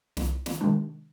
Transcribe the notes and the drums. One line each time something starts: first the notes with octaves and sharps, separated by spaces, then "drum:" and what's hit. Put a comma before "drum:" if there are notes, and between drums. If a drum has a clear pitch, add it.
C2, drum: snare
drum: snare
C3 D#3 G#3 D4